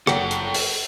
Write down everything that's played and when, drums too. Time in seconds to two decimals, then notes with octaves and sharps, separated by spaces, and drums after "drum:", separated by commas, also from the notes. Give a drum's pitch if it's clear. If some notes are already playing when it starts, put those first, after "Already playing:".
0.07 F#1 A4 F#5 G5, drum: rim click
0.31 drum: hi-hat
0.54 drum: open hi-hat